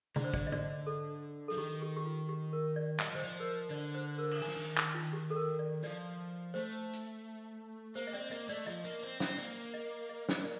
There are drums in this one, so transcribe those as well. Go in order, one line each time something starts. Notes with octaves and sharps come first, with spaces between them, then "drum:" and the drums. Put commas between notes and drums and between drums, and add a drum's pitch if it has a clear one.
D3 D5, drum: tom
C5
D5, drum: kick
D#5
D5, drum: tom
A4
F3 A4
D#3 G4
G4
G4
F4
G4
A#4
D5
G3 D#5, drum: clap
F3
D#3 C5
F3 D5
A#4
C5
D3 D5
C5
A#4
drum: cymbal
D#3 D4
F3
D#3
D#4, drum: clap
F4
G4
A4
A#4
D5
F3 D5
A3 C5
drum: hi-hat
A#3 C5
D#5
C4 D5
A#3 D#5
A3 D5
F3 D#5
A#3
C4
C4, drum: snare
A#3 D5
D#5
D#5
drum: snare
D5